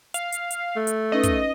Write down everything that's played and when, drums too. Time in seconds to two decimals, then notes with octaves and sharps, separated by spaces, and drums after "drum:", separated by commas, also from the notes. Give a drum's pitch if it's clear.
0.14 F5, drum: hi-hat
0.32 drum: hi-hat
0.51 drum: hi-hat
0.76 A3
0.87 drum: hi-hat
1.12 C#4 D#4 B4 D#5
1.23 drum: kick, hi-hat